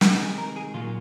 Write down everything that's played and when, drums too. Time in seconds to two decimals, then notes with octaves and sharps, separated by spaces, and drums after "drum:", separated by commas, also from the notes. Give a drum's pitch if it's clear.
0.01 C3 D#3 G#3, drum: snare
0.20 G#4
0.38 A#4
0.56 G#4
0.74 A#2 F#3 A#3 F4